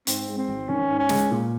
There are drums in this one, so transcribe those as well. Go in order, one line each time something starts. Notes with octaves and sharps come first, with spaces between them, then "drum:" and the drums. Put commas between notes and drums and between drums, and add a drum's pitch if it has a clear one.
G#2 C4, drum: hi-hat
G#3
C4
G#1
D#3 C#4
G#2
C#4
G#3, drum: snare
A#2